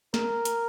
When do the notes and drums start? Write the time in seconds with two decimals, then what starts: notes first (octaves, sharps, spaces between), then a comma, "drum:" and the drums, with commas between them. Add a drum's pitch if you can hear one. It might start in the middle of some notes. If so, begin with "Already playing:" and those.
0.14 A#4, drum: snare
0.45 drum: hi-hat